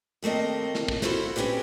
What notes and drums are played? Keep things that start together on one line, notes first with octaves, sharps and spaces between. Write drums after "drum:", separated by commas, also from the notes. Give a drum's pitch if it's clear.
D#2 A3 A#3 C4 D#5
drum: snare
drum: kick
E4 F#4 A4 C5 F5, drum: snare
C4 C#4 D#4 F#4 G4 B4